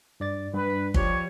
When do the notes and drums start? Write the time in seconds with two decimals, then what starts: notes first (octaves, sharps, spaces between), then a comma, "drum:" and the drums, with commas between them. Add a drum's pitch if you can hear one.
0.20 G2 D5 A6
0.54 G2 B4
0.94 F3 G3 G4 C#5, drum: kick